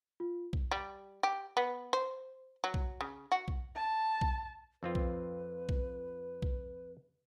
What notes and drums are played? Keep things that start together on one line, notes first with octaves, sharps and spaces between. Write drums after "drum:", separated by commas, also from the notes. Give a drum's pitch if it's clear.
F4
drum: kick B1
G3
G4
B3
C5
F#3
drum: kick B1
C#3
F#4
drum: kick B1
A5
drum: kick B1
F2 C4 F4 B4
drum: kick B1
drum: kick B1
drum: kick B1